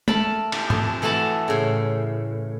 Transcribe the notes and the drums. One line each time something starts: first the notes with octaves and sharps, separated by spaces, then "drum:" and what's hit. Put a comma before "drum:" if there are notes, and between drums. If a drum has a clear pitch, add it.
A3 A#4 A5 B5, drum: tom G#3
D4 G4, drum: cymbal
F2 A5, drum: tom G#2
E3 A3 F#4 A4 A5 B5
A2 C#3